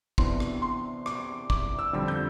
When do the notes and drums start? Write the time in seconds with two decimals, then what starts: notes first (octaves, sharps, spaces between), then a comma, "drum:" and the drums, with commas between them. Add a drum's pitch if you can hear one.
0.18 C3 E3 B3 D4 C6, drum: kick
0.40 drum: rim click
0.62 C6
1.06 D6, drum: rim click
1.50 D6, drum: kick
1.79 E6
1.93 F2 D3 G3 E6
2.08 G6